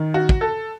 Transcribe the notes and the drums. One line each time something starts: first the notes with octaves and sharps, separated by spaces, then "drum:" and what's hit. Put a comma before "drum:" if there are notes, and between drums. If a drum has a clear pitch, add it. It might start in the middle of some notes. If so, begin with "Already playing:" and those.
Already playing: D#3
F#4
drum: kick
A4